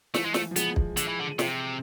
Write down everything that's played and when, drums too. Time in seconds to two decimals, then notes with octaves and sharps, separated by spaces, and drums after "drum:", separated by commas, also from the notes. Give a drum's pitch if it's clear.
0.14 E3 A3, drum: snare
0.25 G#3
0.34 A3, drum: snare
0.51 F3
0.56 G#3 B3, drum: hi-hat
0.76 drum: kick
0.97 D3, drum: hi-hat
1.08 E3
1.20 D3
1.39 C3, drum: snare